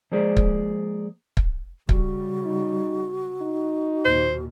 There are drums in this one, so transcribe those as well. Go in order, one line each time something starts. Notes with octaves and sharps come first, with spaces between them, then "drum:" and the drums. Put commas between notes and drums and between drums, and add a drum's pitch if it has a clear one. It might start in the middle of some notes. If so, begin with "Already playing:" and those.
F3 G#3 A#3 G#4 C5 D5
drum: kick
drum: kick
C#3 G3 F#4, drum: kick
D#4
D#4
D#2 A#2 C5